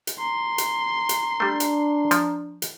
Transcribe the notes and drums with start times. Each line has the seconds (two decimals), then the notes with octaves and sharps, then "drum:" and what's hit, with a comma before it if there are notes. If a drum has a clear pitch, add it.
0.07 drum: hi-hat
0.18 A#5 C6
0.58 drum: hi-hat
1.09 drum: hi-hat
1.40 G3 A3 D4
1.60 drum: hi-hat
2.11 F3, drum: hi-hat
2.62 drum: hi-hat